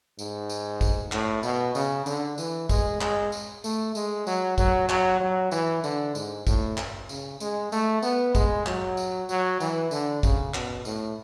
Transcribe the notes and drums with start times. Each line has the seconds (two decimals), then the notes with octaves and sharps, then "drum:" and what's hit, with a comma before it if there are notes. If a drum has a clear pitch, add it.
0.19 G#2, drum: tambourine
0.49 drum: tambourine
0.81 drum: kick G#1, tambourine
1.12 A2, drum: clap
1.43 B2, drum: tambourine
1.75 C#3, drum: tambourine
2.06 D3, drum: tambourine
2.38 E3, drum: tambourine
2.69 G#3, drum: kick G#1, tambourine
3.01 G#3, drum: clap
3.32 drum: tambourine
3.64 A3, drum: tambourine
3.95 G#3, drum: tambourine
4.27 F#3, drum: tambourine
4.58 F#3, drum: kick G#1, tambourine
4.89 F#3, drum: clap
5.20 F#3
5.51 E3, drum: tambourine
5.84 D3, drum: tambourine
6.15 G#2, drum: tambourine
6.47 A2, drum: kick G#1, tambourine
6.77 drum: clap
7.09 C#3, drum: tambourine
7.40 G#3, drum: tambourine
7.72 A3, drum: tambourine
8.02 B3, drum: tambourine
8.35 G#3, drum: kick G#1, tambourine
8.66 F#3, drum: clap
8.97 drum: tambourine
9.29 F#3, drum: tambourine
9.60 E3, drum: tambourine
9.91 D3, drum: tambourine
10.23 C#3, drum: kick G#1, tambourine
10.54 B2, drum: clap
10.85 A2, drum: tambourine